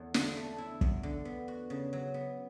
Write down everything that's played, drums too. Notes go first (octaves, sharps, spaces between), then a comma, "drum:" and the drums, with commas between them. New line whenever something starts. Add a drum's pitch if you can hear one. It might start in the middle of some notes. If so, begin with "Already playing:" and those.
Already playing: E2 A3
D3, drum: snare
A3
E4
E2, drum: kick
D3
B3
F#4
C#3
F#3
B3